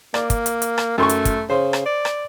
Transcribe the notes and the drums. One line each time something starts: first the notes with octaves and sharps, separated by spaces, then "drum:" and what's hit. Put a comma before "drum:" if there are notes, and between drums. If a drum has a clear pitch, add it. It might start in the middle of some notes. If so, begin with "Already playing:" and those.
A#3 D5, drum: rim click
drum: kick, hi-hat
drum: hi-hat
drum: hi-hat
drum: rim click
F#2 A3 C6 C#6
drum: hi-hat
drum: kick, hi-hat
C#3 C5
drum: rim click
D5
drum: rim click